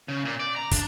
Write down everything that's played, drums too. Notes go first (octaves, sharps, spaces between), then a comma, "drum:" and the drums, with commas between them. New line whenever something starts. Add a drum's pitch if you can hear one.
C#3
A#2
D5
A#5
D4, drum: kick, hi-hat